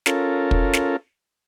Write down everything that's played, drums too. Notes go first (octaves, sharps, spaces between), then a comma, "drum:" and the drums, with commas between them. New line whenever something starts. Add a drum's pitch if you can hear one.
C#4 F4 A4 A#4, drum: snare
drum: kick
drum: snare